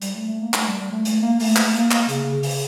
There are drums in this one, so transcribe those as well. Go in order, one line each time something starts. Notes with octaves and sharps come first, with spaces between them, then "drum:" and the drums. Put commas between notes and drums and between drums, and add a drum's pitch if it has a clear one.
G3, drum: hi-hat
A3
A3
A#3
A3, drum: clap
G3
G3
A3
A3, drum: hi-hat
A#3
A3, drum: open hi-hat
A3, drum: clap
A#3, drum: hi-hat
A#3, drum: clap
C#3, drum: hi-hat
C#3
drum: open hi-hat